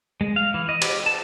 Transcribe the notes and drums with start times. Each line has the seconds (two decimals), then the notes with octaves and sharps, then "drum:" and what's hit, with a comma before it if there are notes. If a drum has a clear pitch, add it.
0.21 G#3
0.36 F5
0.54 E3
0.69 D#5
0.82 G4, drum: cymbal
1.06 A5